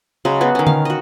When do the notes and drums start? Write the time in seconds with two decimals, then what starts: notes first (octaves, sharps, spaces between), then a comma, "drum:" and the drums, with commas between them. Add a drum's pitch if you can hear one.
0.25 C#3 F#3 G#3
0.41 B3 F#4
0.55 D#3 C#4
0.67 F5, drum: tom D3
0.85 F#4 D#5